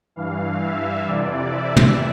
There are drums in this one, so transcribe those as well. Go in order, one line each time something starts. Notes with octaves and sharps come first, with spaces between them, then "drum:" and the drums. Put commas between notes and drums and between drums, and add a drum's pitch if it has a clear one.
G2 E3 F5
E5
F2 C3 E3 D5
E5
drum: tom